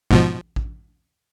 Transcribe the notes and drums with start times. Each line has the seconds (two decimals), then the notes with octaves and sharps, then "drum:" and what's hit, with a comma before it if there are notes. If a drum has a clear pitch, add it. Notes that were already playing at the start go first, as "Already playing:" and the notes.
0.11 G#2 B2 F3, drum: kick A1
0.56 drum: kick A1